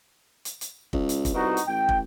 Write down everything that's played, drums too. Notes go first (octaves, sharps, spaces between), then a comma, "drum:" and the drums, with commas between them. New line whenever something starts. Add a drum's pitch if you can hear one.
drum: hi-hat
drum: hi-hat
C#2, drum: kick
drum: hi-hat
drum: kick, hi-hat
C2 B2 D#4 F#4
drum: hi-hat
A1 G5
drum: kick